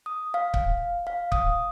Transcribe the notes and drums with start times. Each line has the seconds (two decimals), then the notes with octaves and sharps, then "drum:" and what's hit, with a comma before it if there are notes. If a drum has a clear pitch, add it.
0.06 D#6
0.34 F5
0.54 drum: kick C#1
1.07 F5
1.32 D#6, drum: kick C#1